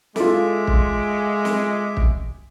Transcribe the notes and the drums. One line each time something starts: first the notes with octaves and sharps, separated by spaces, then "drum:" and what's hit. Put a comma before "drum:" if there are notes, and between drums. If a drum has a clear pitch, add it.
G#3 F4 A4 E5 D6, drum: snare
drum: kick
drum: snare
drum: kick